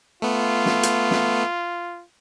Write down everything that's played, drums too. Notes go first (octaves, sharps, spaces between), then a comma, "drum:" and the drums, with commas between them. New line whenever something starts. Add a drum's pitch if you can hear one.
A3 B3 F4
drum: snare
drum: hi-hat
drum: snare